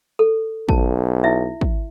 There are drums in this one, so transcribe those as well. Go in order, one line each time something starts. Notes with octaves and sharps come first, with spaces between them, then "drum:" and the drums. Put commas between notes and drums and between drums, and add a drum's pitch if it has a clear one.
A4
B1 A5, drum: kick
E4 E5
drum: kick